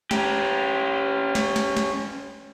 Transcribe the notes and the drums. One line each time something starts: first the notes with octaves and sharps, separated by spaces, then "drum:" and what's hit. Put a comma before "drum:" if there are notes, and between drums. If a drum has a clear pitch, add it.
C#4 G4, drum: snare
drum: snare
drum: snare
drum: snare